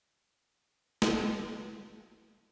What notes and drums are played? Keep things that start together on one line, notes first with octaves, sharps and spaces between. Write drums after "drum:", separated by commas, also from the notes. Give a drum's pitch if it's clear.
B3 C#4
drum: snare